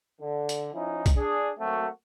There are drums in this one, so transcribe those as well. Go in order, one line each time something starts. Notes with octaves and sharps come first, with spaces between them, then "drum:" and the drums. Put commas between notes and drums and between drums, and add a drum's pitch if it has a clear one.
D3
drum: hi-hat
F3 C#4 D#4 E4
drum: kick B1, hi-hat
D4 G#4
F#3 A3 A#3 C4 F#4